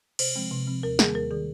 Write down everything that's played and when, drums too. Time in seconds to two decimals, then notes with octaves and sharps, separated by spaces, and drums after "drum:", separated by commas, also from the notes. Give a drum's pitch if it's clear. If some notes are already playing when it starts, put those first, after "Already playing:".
0.19 C3 C5, drum: cymbal
0.35 F3 G#3 C4
0.51 C3
0.67 F3 C4
0.83 D#2 A#4
0.99 D#3 G3 A#3 G#4, drum: snare
1.15 D#2 A#4
1.31 D#3 G#3 G#4